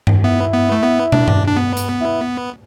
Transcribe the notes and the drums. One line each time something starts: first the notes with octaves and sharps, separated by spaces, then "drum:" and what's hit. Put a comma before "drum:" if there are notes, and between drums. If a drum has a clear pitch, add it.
drum: tom G2
B3 E4
B3
A3
B3
D4, drum: tom
drum: tom G2
D4
B3
drum: hi-hat
E4